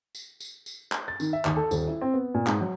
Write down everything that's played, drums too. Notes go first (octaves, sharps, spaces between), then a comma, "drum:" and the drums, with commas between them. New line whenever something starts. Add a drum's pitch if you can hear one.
drum: tambourine
drum: tambourine
drum: tambourine
drum: clap
A6
D#3, drum: tambourine
E5
D#2, drum: clap
A4
D#1, drum: tambourine
E4
C4
B3
A#2
G#2, drum: clap
F#3